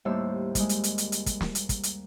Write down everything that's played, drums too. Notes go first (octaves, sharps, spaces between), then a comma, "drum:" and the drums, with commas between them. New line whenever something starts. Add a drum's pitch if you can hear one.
D#2 A2 G3 A3 C5 E6
G3 G#3, drum: kick, hi-hat
drum: hi-hat
drum: hi-hat
drum: hi-hat
drum: hi-hat
drum: kick, hi-hat
drum: snare
drum: hi-hat
drum: kick, hi-hat
drum: hi-hat